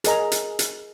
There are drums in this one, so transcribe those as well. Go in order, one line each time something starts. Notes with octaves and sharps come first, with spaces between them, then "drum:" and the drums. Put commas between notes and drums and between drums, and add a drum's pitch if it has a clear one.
G#4 A#4 D#5 A#5, drum: hi-hat
drum: hi-hat
drum: hi-hat